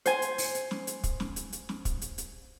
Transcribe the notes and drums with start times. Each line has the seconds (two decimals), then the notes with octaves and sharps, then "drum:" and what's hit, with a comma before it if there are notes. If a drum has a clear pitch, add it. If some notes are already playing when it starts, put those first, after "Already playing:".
0.06 C5 G#5, drum: hi-hat
0.22 drum: hi-hat
0.38 drum: open hi-hat
0.55 drum: hi-hat
0.71 drum: snare
0.87 drum: hi-hat
1.04 drum: kick, hi-hat
1.20 drum: snare
1.36 drum: hi-hat
1.53 drum: hi-hat
1.69 drum: snare
1.85 drum: kick, hi-hat
2.02 drum: hi-hat
2.18 drum: hi-hat